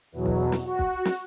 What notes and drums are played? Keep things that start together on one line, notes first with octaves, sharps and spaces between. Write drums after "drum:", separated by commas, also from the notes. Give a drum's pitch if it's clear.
E2 B2 F#3
drum: kick
drum: snare
F#4
drum: kick
drum: snare